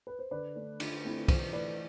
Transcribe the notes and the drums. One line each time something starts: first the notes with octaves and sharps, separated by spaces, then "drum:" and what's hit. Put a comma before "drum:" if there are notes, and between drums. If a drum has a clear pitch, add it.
B4
C5
D3 B4 D5
A3 D4
D3, drum: cymbal
A3 C4 E4
E3 C5, drum: kick, cymbal
A3 E4 B4 D5